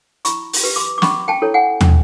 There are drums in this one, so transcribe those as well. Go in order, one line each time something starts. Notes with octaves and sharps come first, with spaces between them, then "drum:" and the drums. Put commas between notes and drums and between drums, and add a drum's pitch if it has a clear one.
E4 B5 C#6, drum: hi-hat
drum: open hi-hat
G4 B4
C6 D6
D6
C#4 B5 C#6, drum: snare
G5 A5
E4 A4 C#5
F#5 G#5
C#4, drum: tom